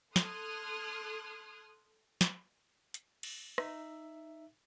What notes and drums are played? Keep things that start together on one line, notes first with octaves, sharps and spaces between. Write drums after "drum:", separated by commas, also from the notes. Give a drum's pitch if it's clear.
A4 C6 D#6 F6 F#6 G#6, drum: snare
drum: snare
drum: hi-hat
drum: cymbal
D#4 E5, drum: rim click